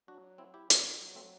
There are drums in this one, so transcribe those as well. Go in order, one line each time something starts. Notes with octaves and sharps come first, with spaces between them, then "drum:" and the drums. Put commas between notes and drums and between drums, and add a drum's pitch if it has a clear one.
F#3 D4 F#4
C4 E4
E4 G4
D3, drum: hi-hat
F#3
A3 C4